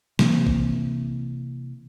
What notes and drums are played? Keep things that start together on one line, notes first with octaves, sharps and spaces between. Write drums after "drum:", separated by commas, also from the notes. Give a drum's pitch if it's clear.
C3 E3 A#3 C4, drum: snare
drum: kick